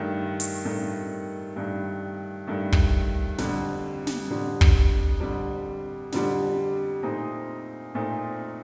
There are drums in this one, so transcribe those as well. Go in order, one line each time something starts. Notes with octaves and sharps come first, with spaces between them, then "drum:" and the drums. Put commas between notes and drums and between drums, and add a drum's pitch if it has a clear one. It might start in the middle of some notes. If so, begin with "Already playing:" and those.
Already playing: G2 D#3 A3
drum: hi-hat
G2 D#3 A3
G2 D#3 A3
G2 D#3 A3
drum: kick
F2 D3 G3, drum: snare
drum: snare
F2 D3 G3
drum: kick
F2 D3 G3
F2 D3 G3, drum: snare
A#2 A3 C4 D#4
A#2 A3 C4 D#4